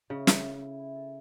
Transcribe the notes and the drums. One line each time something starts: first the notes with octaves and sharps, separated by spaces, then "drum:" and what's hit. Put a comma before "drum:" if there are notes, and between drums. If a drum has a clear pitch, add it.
C#3 E4
A4, drum: snare
E5
E4
E4
A4